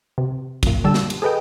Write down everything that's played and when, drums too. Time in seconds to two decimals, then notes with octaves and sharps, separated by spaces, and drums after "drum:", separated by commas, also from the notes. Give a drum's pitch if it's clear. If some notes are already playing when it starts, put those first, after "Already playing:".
0.18 C3
0.63 F#2 A#2, drum: kick, cymbal
0.84 D3 G3 A5 E6
0.94 drum: snare
1.10 drum: cymbal
1.22 G#4 A4 B4 D#5 G5